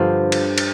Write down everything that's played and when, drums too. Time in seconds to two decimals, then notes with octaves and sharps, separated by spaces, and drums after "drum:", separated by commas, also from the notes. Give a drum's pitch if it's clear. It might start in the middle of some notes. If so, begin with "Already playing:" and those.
Already playing: G2 D3 F3 C5
0.32 drum: cymbal
0.58 drum: cymbal